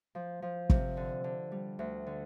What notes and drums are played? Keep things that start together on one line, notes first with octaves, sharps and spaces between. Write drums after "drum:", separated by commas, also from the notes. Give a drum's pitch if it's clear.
F3
F3
C3, drum: kick
D3
D3
G3
D2
D3